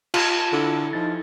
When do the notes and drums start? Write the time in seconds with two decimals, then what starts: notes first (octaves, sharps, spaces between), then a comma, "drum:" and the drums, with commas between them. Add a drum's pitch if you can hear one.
0.14 F4 A5, drum: cymbal
0.40 A5
0.53 D3 E4 A4
0.93 F3 D#4 A6